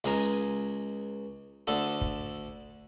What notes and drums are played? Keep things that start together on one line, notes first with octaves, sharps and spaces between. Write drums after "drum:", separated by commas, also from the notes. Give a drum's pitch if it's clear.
C#2 G#4 A#5 D#6, drum: open hi-hat
D2 D3 A4 D#6
drum: kick